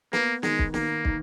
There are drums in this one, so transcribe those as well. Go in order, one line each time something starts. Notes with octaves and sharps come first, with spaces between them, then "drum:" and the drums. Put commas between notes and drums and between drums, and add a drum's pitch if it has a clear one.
A#3 B3, drum: snare
D#3 G#3, drum: snare
drum: kick
D#3 A#3, drum: snare
D#3, drum: kick